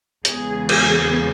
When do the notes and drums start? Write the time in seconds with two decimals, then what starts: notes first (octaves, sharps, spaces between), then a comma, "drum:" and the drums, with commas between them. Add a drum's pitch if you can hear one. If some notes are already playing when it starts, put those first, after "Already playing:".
0.25 E2 C#3 G#3 B3 G#4, drum: hi-hat
0.69 G#4, drum: cymbal